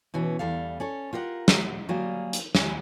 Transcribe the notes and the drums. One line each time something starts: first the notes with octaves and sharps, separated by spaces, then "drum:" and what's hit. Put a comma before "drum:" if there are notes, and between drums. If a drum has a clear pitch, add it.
B2 E3 C#4
E2 G3 A4 F5
C#4 A4 C#5
F4 G4 A#4 D5 F#5
drum: snare
F#3 G3 A#3 G#4 F5
drum: hi-hat
D#2 G#5, drum: snare